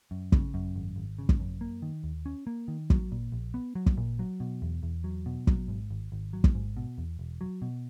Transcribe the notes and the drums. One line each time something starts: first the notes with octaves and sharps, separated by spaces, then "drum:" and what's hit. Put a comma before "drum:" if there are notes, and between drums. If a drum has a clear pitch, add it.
F#2
C#3, drum: kick
F#2
G#1
G#1
C#3
drum: kick
F#2
A#3
D#3
D#2
C#4
A#3
D#3
F#3, drum: kick
A#2
A#1
B3
F#3
drum: kick
A#2
F#3
B2
E2
E2
F#3
B2
F#3, drum: kick
G#2
G#1
G#1
F#3
drum: kick
G#2
B2
E2
E1
F#3
B2